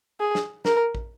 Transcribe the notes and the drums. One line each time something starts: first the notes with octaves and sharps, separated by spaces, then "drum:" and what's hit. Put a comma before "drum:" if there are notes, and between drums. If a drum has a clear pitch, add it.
G#4
drum: snare
A#4, drum: snare
drum: kick